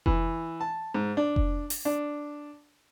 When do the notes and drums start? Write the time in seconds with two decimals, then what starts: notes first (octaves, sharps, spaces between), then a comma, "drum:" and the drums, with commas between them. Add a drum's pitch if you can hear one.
0.06 E3, drum: kick F1
0.61 A5
0.94 G#2
1.17 D4
1.36 drum: kick F1
1.70 drum: open hi-hat
1.85 D4